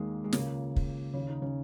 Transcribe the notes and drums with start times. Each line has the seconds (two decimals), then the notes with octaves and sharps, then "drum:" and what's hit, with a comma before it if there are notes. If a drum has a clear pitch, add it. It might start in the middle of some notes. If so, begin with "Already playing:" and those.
Already playing: D#2 D#3 G#3 A#3
0.24 G#3
0.33 C#2 C#3 A#3, drum: snare
0.76 drum: kick
1.14 D#2 C#3 C#4
1.28 D#4
1.42 C#3 C#4